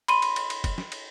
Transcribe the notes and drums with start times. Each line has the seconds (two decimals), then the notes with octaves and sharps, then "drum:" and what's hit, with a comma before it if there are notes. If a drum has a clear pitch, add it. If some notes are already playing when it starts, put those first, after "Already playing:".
0.08 B5 C6 D#7, drum: cymbal
0.22 drum: cymbal
0.36 drum: cymbal
0.50 drum: cymbal
0.64 drum: kick F#1, cymbal
0.78 drum: snare
0.92 drum: cymbal